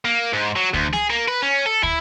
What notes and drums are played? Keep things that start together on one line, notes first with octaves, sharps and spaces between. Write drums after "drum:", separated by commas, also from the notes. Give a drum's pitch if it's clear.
A#3
G#2
F#3
D2, drum: kick
G#4, drum: snare
A#3
B4
C#4
A4
E4, drum: kick